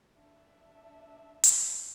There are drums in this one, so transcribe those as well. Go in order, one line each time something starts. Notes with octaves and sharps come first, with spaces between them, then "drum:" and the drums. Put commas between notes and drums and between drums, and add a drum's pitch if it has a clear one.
D4 E5
drum: hi-hat